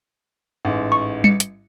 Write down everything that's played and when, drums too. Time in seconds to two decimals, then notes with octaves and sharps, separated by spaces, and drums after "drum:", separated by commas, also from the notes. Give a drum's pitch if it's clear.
0.65 A1 G#2
0.92 C#6
1.24 C#7, drum: tom G3
1.40 drum: hi-hat